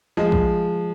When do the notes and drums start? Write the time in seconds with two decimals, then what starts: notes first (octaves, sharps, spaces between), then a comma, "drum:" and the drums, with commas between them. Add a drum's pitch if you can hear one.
0.17 F3 G#3
0.32 drum: kick A1